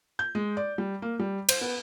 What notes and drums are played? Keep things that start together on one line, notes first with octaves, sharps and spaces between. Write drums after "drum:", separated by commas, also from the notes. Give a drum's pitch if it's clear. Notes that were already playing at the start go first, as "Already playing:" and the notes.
G6
G#3
D5
G3
A#3
G3
C5, drum: cymbal
B3